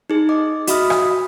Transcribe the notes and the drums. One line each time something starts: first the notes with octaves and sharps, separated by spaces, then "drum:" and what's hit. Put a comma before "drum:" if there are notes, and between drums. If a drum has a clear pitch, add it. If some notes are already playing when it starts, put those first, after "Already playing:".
D#4 G#4
D#5 D6
F#4 D#5 E5 B5 D#6 F6, drum: hi-hat
drum: rim click